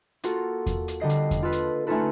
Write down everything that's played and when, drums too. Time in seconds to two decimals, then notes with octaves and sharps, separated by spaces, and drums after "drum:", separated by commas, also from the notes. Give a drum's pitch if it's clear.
0.23 A#3 F4 F#4 A4, drum: hi-hat
0.66 drum: kick E2, hi-hat
0.88 drum: hi-hat
1.00 D3 G3 D#5 C7
1.09 drum: hi-hat
1.31 drum: kick E2, hi-hat
1.43 F4 A4 B4
1.52 drum: hi-hat
1.87 A3 C#4 D#4 F4 A4 B4